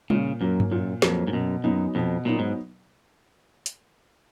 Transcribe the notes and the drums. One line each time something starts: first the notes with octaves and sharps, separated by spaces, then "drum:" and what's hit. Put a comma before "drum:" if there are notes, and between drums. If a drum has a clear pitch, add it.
A#2 C#3, drum: tom G3
F#2 F#3 A#3
drum: tom G2
F#2 A#2
F2 F#3 A#3, drum: snare
G#2
F#2 B2
F#2 F#3 B3 D#4
F2 B2
A#2 F#3 B3 D#4
G#2
drum: hi-hat